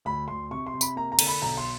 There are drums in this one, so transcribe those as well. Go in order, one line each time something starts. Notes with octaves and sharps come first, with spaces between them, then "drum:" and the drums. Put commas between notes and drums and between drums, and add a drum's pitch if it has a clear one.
D2 B5
D2 C6
C3 C#6
C6
C3
B5, drum: tambourine
A#3 A#5
A#5
D3, drum: cymbal
B5
B1 A#5
C6